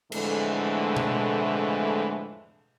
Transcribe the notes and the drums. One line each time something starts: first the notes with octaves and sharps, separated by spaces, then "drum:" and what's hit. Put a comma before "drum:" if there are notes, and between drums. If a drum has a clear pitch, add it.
F2 A2 D3 E3 G#3 A3, drum: cymbal
drum: tom B2